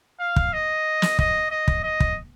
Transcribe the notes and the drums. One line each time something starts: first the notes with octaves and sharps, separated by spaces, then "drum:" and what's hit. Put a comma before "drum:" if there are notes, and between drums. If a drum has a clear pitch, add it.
F5
drum: kick
D#5
drum: snare
D#5, drum: kick
D#5
drum: kick
D#5
drum: kick